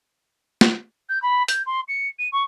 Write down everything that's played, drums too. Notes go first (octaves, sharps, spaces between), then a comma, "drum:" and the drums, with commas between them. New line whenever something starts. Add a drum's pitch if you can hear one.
drum: snare
G6
B5
G6, drum: hi-hat
C6
C#7
D#7
C#6